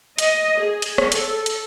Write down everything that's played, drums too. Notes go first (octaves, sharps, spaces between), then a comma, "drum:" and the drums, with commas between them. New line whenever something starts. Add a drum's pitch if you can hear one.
D#5, drum: hi-hat
G#4
drum: hi-hat
drum: rim click
A4, drum: hi-hat
drum: hi-hat